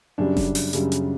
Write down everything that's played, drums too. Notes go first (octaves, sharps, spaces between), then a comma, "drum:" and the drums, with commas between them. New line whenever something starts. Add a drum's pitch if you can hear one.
F#2 C#3 G3 D4
drum: snare F1
drum: open hi-hat
F#2 C#3 G3, drum: hi-hat
drum: hi-hat